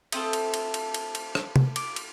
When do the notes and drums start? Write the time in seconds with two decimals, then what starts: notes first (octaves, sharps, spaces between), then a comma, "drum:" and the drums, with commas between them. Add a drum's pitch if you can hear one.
0.12 A3 C4 F4 A4 D#6, drum: cymbal
0.33 drum: cymbal
0.54 drum: cymbal
0.74 drum: cymbal
0.94 drum: cymbal
1.15 drum: cymbal
1.35 drum: rim click
1.56 drum: tom C3
1.76 D6, drum: cymbal
1.96 drum: cymbal